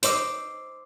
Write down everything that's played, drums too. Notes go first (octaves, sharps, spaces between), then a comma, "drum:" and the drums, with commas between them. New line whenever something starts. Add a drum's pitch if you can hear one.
C5 D#5 D6 E6, drum: hi-hat